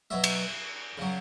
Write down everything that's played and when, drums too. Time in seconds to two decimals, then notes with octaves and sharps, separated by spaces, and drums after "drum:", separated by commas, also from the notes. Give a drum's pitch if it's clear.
0.10 B2 F#3 E5
0.24 drum: cymbal
0.98 C#3 F#3